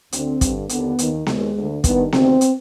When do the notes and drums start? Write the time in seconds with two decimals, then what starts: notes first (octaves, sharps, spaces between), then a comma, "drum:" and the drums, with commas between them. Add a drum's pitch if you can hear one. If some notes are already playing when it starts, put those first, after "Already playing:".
0.12 D2 D3 C4, drum: hi-hat
0.41 G2 D3, drum: kick, hi-hat
0.69 D#2 D3 B3, drum: hi-hat
0.99 D#2 D#3, drum: hi-hat
1.26 D#2 D#3 G#3, drum: snare B3
1.55 D2 D3
1.84 G2 D#3 B3, drum: kick, hi-hat
2.12 D2 C3 D#3 C4, drum: snare B3
2.41 drum: hi-hat